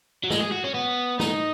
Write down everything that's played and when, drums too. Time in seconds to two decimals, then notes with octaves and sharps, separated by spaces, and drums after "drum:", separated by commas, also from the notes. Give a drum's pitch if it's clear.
0.24 F#3
0.30 G#3, drum: snare
0.41 G#4
0.52 F#4
0.64 C#4
0.74 B3
1.20 D#4, drum: snare